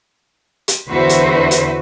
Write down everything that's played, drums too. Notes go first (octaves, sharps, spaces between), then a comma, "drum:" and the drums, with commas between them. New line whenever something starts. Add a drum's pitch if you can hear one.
drum: hi-hat
E2 D3 F#4 B4 C5 E5
drum: hi-hat
drum: hi-hat